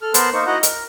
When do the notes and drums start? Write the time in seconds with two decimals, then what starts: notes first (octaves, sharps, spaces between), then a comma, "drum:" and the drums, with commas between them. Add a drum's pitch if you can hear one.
0.02 A4 F6
0.14 B3 A#4 C5 A5 C6 F#6, drum: hi-hat
0.33 A#3 D#4 C5 C#6
0.47 D#4 E4 F#4 D#5 F#5 A#5
0.63 A#4, drum: hi-hat